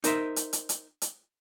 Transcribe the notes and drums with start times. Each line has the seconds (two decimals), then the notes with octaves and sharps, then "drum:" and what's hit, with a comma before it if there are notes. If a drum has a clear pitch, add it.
0.04 D#4 A#4 C5 E5, drum: hi-hat
0.36 drum: hi-hat
0.53 drum: hi-hat
0.69 drum: hi-hat
1.02 drum: hi-hat